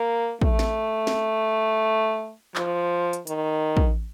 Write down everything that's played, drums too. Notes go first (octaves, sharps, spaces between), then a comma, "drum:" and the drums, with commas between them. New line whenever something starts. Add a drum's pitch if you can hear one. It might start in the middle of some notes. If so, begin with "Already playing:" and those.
Already playing: A#3
A3, drum: kick
drum: snare
drum: snare
F3, drum: clap
drum: hi-hat
D#3, drum: hi-hat
drum: kick